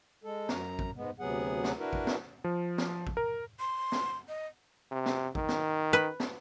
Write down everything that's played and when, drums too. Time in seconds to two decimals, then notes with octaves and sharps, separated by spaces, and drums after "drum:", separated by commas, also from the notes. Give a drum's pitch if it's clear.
0.24 G#3 A4
0.49 F#2 A#5, drum: snare
0.79 drum: kick
0.96 G#2 G#3 B3
1.20 D2 C3 F#3 B3 G#4 F#5
1.64 drum: snare
1.78 D4 E4 F#4 A#4 B4
1.93 drum: kick
2.07 drum: snare
2.44 F3
2.78 drum: snare
3.07 drum: kick
3.17 A#4
3.60 C6
3.92 drum: snare
4.28 D#5
4.91 C3
5.06 drum: snare
5.35 D#3, drum: kick
5.49 drum: snare
5.93 B4
6.20 drum: snare